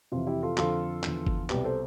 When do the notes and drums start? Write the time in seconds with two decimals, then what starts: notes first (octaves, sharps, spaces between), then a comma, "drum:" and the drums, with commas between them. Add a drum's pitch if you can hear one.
0.12 F2 C3 E3 F4
0.27 E4 G4
0.43 F4 A4
0.57 F2 D3 F3 F4 A4, drum: clap
1.03 E2 D3 F3, drum: clap
1.27 drum: kick G1
1.49 C2 B2 G4 B4, drum: clap
1.64 A4 C5